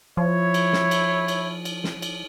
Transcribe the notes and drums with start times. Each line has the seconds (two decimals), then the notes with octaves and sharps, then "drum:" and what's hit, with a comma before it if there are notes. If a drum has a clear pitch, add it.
0.17 F3 E4 C#5
0.54 drum: cymbal
0.73 drum: snare
0.91 drum: cymbal
1.28 drum: cymbal
1.65 drum: cymbal
1.84 drum: snare
2.02 drum: cymbal